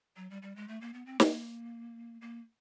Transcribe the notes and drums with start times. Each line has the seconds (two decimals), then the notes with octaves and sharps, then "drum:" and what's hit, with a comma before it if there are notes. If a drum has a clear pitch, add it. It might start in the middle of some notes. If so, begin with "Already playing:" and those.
0.17 F#3
0.30 G3
0.42 G3
0.56 G#3
0.68 A3
0.81 A#3
0.94 B3
1.06 C4
1.20 A#3, drum: snare
2.21 A#3